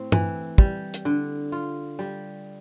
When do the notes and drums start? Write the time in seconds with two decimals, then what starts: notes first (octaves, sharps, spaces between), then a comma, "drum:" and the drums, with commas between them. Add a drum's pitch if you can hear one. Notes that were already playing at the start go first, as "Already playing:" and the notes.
Already playing: A2 C4
0.12 E3, drum: tom
0.58 G3, drum: kick
0.94 drum: hi-hat
1.05 D3
1.52 F4, drum: tambourine
1.99 G3